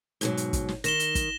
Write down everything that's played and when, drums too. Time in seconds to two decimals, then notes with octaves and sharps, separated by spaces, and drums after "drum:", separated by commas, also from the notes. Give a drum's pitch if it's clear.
0.21 G#2 B2 F#3, drum: hi-hat
0.37 drum: hi-hat
0.53 drum: kick, hi-hat
0.69 drum: snare
0.84 D#3 A#6 E7 G7, drum: hi-hat
1.00 drum: hi-hat
1.15 drum: kick, hi-hat